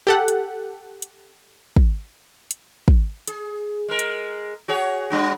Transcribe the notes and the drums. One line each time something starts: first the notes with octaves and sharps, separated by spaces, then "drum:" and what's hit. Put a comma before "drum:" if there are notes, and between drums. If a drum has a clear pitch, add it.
G4 A4 F#5
drum: hi-hat
drum: hi-hat
drum: kick
drum: hi-hat
drum: kick
G#4, drum: hi-hat
G#3 A#4
drum: hi-hat
F#4 G#4 C#5
G3 D4 F#4